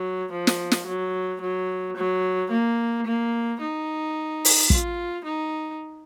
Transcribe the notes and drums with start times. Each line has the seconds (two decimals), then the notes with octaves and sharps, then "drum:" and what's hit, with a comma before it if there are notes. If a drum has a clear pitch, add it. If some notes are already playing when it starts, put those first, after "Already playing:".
Already playing: F#3
0.32 F3
0.47 drum: snare
0.71 drum: snare
0.87 F#3
1.41 F#3
1.96 F#3
2.51 A#3
3.06 A#3
3.60 D#4
4.45 drum: open hi-hat
4.70 F4, drum: kick
5.25 D#4